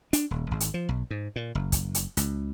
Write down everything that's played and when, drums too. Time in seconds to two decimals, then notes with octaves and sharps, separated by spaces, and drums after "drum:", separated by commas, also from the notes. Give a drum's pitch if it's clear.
0.13 D4, drum: hi-hat
0.31 D#1
0.51 G#1
0.60 drum: hi-hat
0.74 F3
0.89 B1
1.11 G#2
1.36 A#2
1.55 F#1
1.72 drum: kick, hi-hat
1.95 drum: hi-hat
2.17 C#2, drum: hi-hat